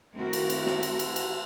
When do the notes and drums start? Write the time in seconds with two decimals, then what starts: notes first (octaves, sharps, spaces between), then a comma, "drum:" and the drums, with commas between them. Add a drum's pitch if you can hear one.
0.16 D#3 A3 C4 E4 F#4 A#4
0.33 drum: cymbal
0.50 drum: cymbal
0.66 drum: snare
0.83 drum: cymbal
0.99 drum: cymbal
1.16 drum: cymbal